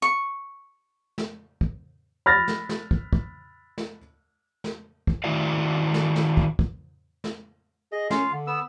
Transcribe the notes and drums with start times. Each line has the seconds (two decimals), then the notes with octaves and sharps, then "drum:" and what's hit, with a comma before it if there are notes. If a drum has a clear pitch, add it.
0.02 C#6
1.18 drum: snare
1.61 drum: kick
2.26 B5 F6 A6 A#6
2.48 drum: snare
2.69 drum: snare
2.91 drum: kick
3.13 drum: kick
3.78 drum: snare
4.64 drum: snare
5.07 drum: kick
5.24 D#3 E4 F#4 D5 F5
5.94 drum: snare
6.16 drum: snare
6.37 drum: kick
6.59 drum: kick
7.24 drum: snare
7.92 G#4 D#5
8.10 C#4 F4 F5, drum: snare
8.32 D3
8.47 B3 E6